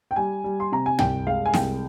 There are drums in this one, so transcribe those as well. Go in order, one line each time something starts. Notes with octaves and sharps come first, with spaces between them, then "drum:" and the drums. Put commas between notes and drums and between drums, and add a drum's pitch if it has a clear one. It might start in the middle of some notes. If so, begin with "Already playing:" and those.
G5
G3 G#5
G3
C6
C3 A#5
G#5
C2 G5, drum: tom
G#3 F5
G#5
C2 G5, drum: snare